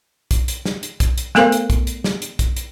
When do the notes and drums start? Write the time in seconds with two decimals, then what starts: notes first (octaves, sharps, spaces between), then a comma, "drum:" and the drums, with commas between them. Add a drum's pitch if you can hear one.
0.31 drum: kick, hi-hat
0.48 drum: hi-hat
0.65 drum: snare
0.83 drum: hi-hat
1.00 drum: kick, hi-hat
1.18 drum: hi-hat
1.35 A3 B3 A4 A#4 C5 F5, drum: snare
1.52 drum: hi-hat
1.70 drum: kick, hi-hat
1.87 drum: hi-hat
2.04 drum: snare
2.22 drum: hi-hat
2.39 drum: kick, hi-hat
2.57 drum: hi-hat